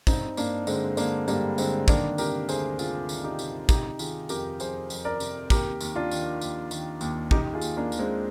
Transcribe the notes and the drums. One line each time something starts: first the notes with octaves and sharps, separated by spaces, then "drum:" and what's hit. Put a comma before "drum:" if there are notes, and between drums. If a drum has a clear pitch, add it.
G2 C4 D#4, drum: kick, tambourine
G2 A#3 D4, drum: tambourine
D3 G#3 C4, drum: tambourine
D3 A#3 D4, drum: tambourine
G2 G3 A#3, drum: tambourine
D3 G#3 C4, drum: tambourine
D#3 A#3 D4, drum: kick, tambourine
C3 G4 A#4, drum: tambourine
D2 G#4 C5, drum: tambourine
C3 F4 G#4, drum: tambourine
D#3, drum: tambourine
D#4 G4
C3, drum: tambourine
C3 D#4 G4, drum: kick, tambourine
D#3 F4 G#4, drum: tambourine
F2 G4 A#4, drum: tambourine
F2 G#4 C5, drum: tambourine
F2, drum: tambourine
A#4 D5
C3, drum: tambourine
D#2 G4 A#4, drum: kick, tambourine
D#2, drum: tambourine
D4 F4
D#3, drum: tambourine
D#2, drum: tambourine
D#3, drum: tambourine
D#2, drum: tambourine
D#3 D#4 G4, drum: kick
F4 G#4
D#2, drum: tambourine
A#3 D4
D#2, drum: tambourine
G#3 C4